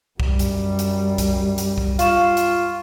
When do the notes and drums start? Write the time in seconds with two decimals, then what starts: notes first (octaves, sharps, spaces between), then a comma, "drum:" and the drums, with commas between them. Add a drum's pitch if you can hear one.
0.20 F#2 G3, drum: kick C2
0.39 drum: hi-hat
0.79 drum: hi-hat
1.18 drum: kick C2, hi-hat
1.58 drum: hi-hat
1.78 drum: kick C2
1.99 F4 F5 C#6 E7, drum: hi-hat
2.37 drum: hi-hat